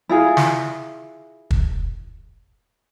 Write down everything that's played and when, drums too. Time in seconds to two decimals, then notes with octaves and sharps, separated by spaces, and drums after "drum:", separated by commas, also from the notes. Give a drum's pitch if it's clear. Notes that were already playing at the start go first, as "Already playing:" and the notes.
0.09 E4 F4 G#4
0.37 drum: snare
1.51 drum: kick